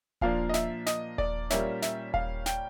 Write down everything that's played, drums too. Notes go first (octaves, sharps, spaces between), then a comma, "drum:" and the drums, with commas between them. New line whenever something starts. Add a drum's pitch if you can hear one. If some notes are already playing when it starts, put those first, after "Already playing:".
A#2 F3 A#3 D4 F5, drum: kick D#1
D#5
E5, drum: snare
D#5, drum: snare
D5, drum: kick D#1
A#2 G3 A#3 C#4 E5, drum: snare
E5, drum: snare
F5, drum: kick D#1
G5, drum: snare